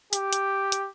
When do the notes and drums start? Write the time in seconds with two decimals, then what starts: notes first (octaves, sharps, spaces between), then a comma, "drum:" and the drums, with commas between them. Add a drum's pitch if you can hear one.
0.13 G4, drum: hi-hat
0.33 drum: hi-hat
0.72 drum: hi-hat